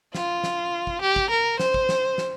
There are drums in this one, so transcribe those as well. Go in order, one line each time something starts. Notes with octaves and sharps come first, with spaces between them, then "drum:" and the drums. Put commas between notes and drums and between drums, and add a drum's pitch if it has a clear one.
F4, drum: snare
drum: snare
drum: kick
G4
drum: kick
A#4
C5, drum: snare
drum: kick
drum: snare
drum: snare